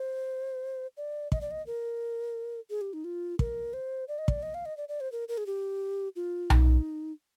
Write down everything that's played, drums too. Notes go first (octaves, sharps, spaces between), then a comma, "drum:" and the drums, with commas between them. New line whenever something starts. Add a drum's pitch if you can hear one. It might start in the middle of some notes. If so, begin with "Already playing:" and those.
Already playing: C5
D5
D#5, drum: kick
D5
D#5
A#4
G#4
G4
D#4
F4
A#4, drum: kick
C5
D5
D#5
D5, drum: kick
D#5
F5
D#5
D5
D5
C5
A#4
A#4
G#4
G4
F4
D#4, drum: tom B1